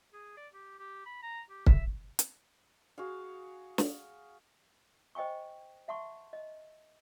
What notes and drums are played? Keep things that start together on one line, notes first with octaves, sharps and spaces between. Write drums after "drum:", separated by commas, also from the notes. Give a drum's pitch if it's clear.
G#4
D5
G4
G4
B5
A#5
G4
E5, drum: kick
drum: hi-hat
F#4 G#4 F5
drum: snare
C5 D#5 G5 G#5 C#6
E5 F#5 A5 C6 C#6
D#5